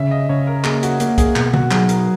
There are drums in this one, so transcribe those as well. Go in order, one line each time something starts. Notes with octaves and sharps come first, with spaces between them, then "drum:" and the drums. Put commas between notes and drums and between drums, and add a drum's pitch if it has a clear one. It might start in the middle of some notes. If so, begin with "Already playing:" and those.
Already playing: C#3 E5
D#5
C#3 C#5
A#4
A#3 G#4, drum: clap
F#4, drum: hi-hat
A#3 F#4, drum: hi-hat
G#4, drum: kick, hi-hat
B2, drum: clap
F#4, drum: tom C3
F#3 G#4, drum: clap
A#4, drum: hi-hat